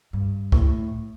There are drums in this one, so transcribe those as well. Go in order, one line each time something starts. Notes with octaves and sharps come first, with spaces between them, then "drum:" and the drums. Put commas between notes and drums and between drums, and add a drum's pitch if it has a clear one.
G2
A2, drum: kick